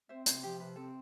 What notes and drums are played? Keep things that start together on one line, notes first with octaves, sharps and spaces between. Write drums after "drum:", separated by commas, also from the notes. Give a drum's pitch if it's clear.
C4 C5 E5
C3 C5, drum: hi-hat
F3 G4
C3 B4
C4 A4